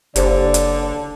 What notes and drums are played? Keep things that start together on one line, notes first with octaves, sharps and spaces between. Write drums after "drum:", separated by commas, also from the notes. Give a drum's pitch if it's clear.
F#1 D3 G4 C5 D5, drum: hi-hat
drum: hi-hat